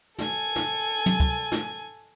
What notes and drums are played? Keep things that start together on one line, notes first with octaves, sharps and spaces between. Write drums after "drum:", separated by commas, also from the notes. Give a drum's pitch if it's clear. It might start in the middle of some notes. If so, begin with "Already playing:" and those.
A4 G#5, drum: snare
drum: snare
drum: tom
drum: kick
drum: snare